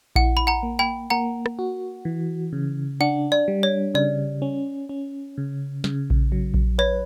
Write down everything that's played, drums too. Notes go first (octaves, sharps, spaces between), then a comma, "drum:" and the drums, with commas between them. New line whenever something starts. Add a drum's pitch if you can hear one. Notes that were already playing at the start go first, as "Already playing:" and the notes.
E4 F#5, drum: kick A#1
B5
F#5 A#5
A#3
G5 B5
A#3 F#5 A#5
drum: rim click
F#4
E3
C#3
D4 F#5
D5
G3
C#5
C#3 D5
C#4
C#4
C#3
C#3, drum: snare
drum: kick A#1
F#3
drum: kick A#1
B4 C#5